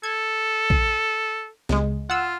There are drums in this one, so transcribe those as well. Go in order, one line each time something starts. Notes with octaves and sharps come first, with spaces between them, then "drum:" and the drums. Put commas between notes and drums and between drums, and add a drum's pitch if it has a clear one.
A4 G#6
drum: kick
C#2 G#3, drum: snare
F4 F#5 E6